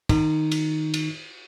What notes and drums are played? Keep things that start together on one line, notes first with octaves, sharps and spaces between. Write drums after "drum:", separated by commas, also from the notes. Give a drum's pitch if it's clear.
D#3 D#4, drum: kick, cymbal
drum: cymbal
drum: cymbal